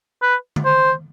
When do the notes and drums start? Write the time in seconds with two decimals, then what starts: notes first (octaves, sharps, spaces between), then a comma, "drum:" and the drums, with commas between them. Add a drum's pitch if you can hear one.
0.22 B4
0.56 drum: tom D3
0.65 C5